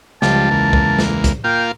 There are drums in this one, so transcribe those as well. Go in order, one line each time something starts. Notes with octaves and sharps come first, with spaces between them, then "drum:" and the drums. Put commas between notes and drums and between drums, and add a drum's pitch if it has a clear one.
C#2 F3 G3 A5, drum: snare
E2 A#3
drum: kick
drum: snare
drum: kick, hi-hat
A#3 F4 G5